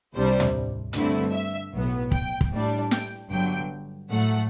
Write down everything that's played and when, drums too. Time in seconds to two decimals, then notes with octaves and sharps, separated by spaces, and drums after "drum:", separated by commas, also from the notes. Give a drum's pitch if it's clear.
0.14 C2 C3 G3 D4 C5
0.40 drum: tom
0.93 G2 D3 A3 C4 E4, drum: hi-hat
1.33 E5
1.73 B1 A2 F#3 B3
2.12 G5, drum: kick
2.41 drum: kick
2.52 A2 G3 D4
2.91 G5, drum: snare
3.31 G1 G2 D3 F#3 G5
4.10 A2 F#3 A3 F#5